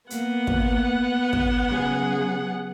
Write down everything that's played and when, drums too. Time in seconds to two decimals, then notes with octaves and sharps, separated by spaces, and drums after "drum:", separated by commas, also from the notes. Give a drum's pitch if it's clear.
0.10 A#3 B3 F#5, drum: hi-hat
0.47 drum: kick
1.33 drum: kick
1.68 C#3 F#3 G#4